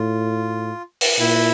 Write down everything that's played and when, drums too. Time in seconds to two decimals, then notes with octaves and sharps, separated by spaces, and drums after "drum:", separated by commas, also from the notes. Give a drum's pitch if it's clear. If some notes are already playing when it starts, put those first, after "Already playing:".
Already playing: A2 F4
1.01 drum: open hi-hat
1.19 A#2 E4